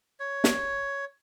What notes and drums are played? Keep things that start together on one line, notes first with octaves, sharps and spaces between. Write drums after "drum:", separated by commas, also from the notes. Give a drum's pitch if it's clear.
C#5
drum: snare